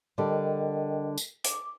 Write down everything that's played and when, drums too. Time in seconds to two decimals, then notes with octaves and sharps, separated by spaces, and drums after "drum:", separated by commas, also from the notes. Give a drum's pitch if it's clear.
0.18 D3 G3 A#4 D#5 G5
1.18 drum: tambourine
1.44 D6, drum: hi-hat